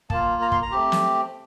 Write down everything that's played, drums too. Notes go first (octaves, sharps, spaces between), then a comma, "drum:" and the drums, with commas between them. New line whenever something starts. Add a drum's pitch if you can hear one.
A#3 F4 A5, drum: kick
A#5
C6, drum: kick
A#5
A3 C4 G4
drum: snare